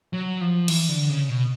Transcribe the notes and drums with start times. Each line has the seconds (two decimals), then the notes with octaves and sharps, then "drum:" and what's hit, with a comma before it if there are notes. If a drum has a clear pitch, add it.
0.13 F#3
0.41 F3
0.68 E3, drum: cymbal
0.88 D3
1.09 C#3
1.29 B2